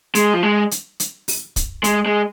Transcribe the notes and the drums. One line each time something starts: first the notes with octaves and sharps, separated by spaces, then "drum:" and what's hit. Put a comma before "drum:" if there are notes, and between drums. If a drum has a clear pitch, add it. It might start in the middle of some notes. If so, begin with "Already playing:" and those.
G#3, drum: hi-hat
F3
G#3
drum: hi-hat
drum: hi-hat
drum: open hi-hat
drum: kick, hi-hat
G#3, drum: hi-hat
G#3